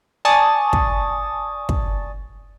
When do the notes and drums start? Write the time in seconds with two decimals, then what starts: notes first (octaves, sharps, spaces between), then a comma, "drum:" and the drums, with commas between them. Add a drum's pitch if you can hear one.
0.25 D5 G#5 A5 C#6 D#6 A6
0.73 drum: kick
1.69 drum: kick